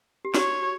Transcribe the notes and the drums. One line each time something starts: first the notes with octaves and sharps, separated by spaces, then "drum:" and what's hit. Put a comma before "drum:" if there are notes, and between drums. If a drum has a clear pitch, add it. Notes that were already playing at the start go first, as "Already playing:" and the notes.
G4
F#4 C#5, drum: snare